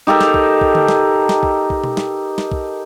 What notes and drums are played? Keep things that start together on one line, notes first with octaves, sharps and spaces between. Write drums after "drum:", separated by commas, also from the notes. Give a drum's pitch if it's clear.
D#4 G4 A4 A#4
drum: snare
drum: kick
drum: kick
drum: tom D3
drum: snare
drum: snare
drum: kick
drum: kick
drum: tom B2
drum: snare
drum: snare
drum: kick